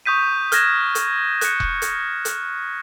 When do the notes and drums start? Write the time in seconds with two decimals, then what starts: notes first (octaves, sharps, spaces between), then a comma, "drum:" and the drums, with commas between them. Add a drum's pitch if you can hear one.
0.06 C#6 D#6 G6 B6 D#7
0.52 F6 F#6 G#6 A#6 E7, drum: hi-hat
0.95 drum: hi-hat
1.41 F#6 C#7, drum: hi-hat
1.60 drum: kick E1
1.82 drum: hi-hat
2.25 drum: hi-hat